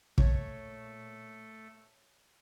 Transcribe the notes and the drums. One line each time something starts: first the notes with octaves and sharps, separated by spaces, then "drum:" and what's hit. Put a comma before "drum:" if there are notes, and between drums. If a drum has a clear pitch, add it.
A#2 A3 A4 C#5, drum: kick